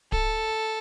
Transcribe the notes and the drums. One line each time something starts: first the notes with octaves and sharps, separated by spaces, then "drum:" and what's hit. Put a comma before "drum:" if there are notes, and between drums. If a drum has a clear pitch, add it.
A4, drum: kick D1